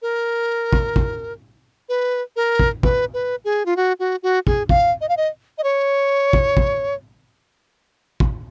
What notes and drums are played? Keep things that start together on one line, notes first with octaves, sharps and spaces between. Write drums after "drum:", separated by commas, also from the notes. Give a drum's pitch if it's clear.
A#4
drum: kick
drum: kick
B4
A#4
drum: kick
B4, drum: kick
B4
G#4
F4
F#4
F#4
F#4
G#4, drum: kick
F5, drum: kick
D#5
F5
D#5
D#5
C#5
drum: kick
drum: kick
drum: kick